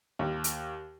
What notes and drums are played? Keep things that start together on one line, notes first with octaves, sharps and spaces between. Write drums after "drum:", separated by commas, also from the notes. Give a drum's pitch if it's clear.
D#2
drum: hi-hat